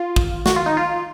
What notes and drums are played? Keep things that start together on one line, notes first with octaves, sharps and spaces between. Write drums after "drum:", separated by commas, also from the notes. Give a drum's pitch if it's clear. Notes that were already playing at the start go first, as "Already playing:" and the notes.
Already playing: F4
drum: kick
F#4, drum: snare
F4
D#4
F4